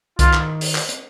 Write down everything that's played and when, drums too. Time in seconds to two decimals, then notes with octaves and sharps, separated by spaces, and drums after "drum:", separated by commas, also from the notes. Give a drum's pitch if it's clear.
0.19 D#3 F4, drum: kick, hi-hat
0.33 drum: clap
0.61 drum: open hi-hat
0.75 drum: clap
0.89 drum: hi-hat